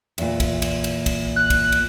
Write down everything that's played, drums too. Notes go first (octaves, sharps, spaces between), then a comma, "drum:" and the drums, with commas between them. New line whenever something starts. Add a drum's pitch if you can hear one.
E2 A#2, drum: cymbal
drum: kick, cymbal
drum: cymbal
drum: cymbal
drum: kick, cymbal
F#6
drum: kick, cymbal
drum: cymbal